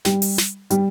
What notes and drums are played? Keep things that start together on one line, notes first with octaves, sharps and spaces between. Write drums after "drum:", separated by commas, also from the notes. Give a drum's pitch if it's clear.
G3, drum: snare
drum: open hi-hat
drum: snare
G3, drum: hi-hat